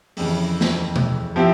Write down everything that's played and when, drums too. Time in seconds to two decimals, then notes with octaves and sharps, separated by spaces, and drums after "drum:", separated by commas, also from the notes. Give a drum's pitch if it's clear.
0.17 F2 C#3 E3, drum: open hi-hat
0.61 drum: snare
0.96 drum: tom B2
1.36 F3 C4 E4 G4